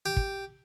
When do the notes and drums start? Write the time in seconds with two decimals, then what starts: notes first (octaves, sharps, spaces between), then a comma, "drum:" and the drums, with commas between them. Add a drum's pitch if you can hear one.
0.06 G4
0.16 drum: kick